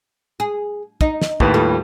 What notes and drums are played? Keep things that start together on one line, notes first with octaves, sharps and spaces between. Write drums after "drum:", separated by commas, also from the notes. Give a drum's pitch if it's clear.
G#4
D#4, drum: kick
drum: snare
D#2 A2 B4, drum: kick
G3 F4 A4